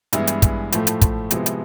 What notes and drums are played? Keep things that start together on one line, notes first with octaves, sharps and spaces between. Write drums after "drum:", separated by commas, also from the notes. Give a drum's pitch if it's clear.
G2 E3 G#3 B3 E4, drum: hi-hat
drum: hi-hat
drum: kick, hi-hat
A2 F3 A3, drum: hi-hat
drum: hi-hat
drum: kick, hi-hat
C3 F3 G#3 B3 E4, drum: hi-hat
drum: hi-hat